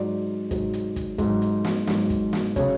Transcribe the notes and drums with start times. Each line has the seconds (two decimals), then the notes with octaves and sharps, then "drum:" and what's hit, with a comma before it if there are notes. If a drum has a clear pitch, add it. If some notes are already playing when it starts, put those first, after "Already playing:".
Already playing: G#2 F#3 D5
0.51 G#2 F#3, drum: kick, hi-hat
0.73 drum: hi-hat
0.96 drum: kick, hi-hat
1.18 G#2 F#3, drum: kick, hi-hat
1.42 drum: hi-hat
1.65 drum: snare
1.87 G#2 F#3, drum: snare
2.10 drum: kick, hi-hat
2.33 drum: snare
2.56 C#3 F#3 C#5, drum: kick, hi-hat